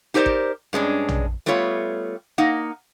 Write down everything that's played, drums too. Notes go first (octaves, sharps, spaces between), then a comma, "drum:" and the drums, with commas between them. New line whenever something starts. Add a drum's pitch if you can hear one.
D#4 G4 A#4 C5 D5
drum: kick
G2 G#3 C#4 D4
drum: tom
G3 A3 B3 F4 C#5
A#3 D#4 F#5